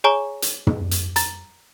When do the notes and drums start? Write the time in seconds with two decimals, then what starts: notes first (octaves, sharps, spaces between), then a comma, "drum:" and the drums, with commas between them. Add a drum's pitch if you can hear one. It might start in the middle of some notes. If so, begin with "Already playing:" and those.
0.04 G#4 C#5 G#5 A#5 C#6 G7
0.42 drum: hi-hat
0.67 drum: tom
0.91 drum: hi-hat
1.16 A#5 A6, drum: hi-hat